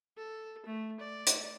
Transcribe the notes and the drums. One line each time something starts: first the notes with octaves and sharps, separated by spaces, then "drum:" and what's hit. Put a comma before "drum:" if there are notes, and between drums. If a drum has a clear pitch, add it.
A4
A3
D5
drum: hi-hat